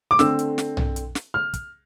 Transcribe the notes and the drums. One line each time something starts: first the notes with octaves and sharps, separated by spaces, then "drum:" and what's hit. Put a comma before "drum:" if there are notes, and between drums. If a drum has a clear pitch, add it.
D6
D3 A3 C4 E6, drum: snare
drum: hi-hat
drum: snare
drum: tom B1
drum: hi-hat
drum: snare
F6
drum: kick, hi-hat